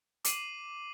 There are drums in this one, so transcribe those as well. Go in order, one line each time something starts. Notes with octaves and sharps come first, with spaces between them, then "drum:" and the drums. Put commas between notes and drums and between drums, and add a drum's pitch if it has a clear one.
D6 C7 D#7 F#7, drum: hi-hat